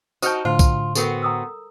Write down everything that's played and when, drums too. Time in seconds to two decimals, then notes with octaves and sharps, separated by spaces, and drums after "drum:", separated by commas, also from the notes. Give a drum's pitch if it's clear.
0.22 D#4 F#4 C5 A5 D#6 F6 G6, drum: tambourine
0.45 A2 D3 F4 C5
0.59 drum: kick B1, tambourine
0.95 B3 C4 F#4 A4 A#4, drum: tambourine
1.22 A#5 D#6 E6